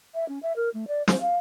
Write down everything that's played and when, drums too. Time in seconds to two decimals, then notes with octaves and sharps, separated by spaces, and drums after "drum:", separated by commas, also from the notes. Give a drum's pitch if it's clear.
0.14 E5
0.28 C#4
0.42 E5
0.56 A#4
0.74 A3
0.88 D5
1.08 C5, drum: snare
1.21 F5